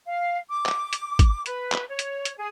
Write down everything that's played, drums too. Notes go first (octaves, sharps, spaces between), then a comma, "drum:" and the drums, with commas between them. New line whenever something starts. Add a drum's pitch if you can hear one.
F5
D6
drum: clap
drum: hi-hat
drum: kick, hi-hat
B4, drum: hi-hat
drum: clap
C#5
drum: hi-hat
drum: hi-hat
G#4